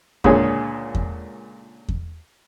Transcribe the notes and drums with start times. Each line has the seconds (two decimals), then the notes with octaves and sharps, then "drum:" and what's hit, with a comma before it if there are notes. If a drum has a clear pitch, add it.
0.24 C#2 A#2 D3 C#4 G#4 C#5, drum: kick E2
0.95 drum: kick E2
1.89 drum: kick E2